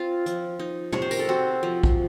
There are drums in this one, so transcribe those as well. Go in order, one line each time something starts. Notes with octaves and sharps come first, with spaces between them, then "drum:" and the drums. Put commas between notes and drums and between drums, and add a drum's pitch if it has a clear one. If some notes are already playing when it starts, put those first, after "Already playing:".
Already playing: C4 F4
F3, drum: hi-hat
D#4
C3 C#5, drum: tom
C5
A#4, drum: tambourine
A4
C4 F#4
F3
drum: kick A#1